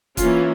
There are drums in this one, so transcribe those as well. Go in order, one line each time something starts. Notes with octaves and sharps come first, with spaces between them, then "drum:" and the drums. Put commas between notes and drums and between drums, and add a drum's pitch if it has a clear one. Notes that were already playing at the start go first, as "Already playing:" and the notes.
E3 A#3 C#4 F4, drum: kick, hi-hat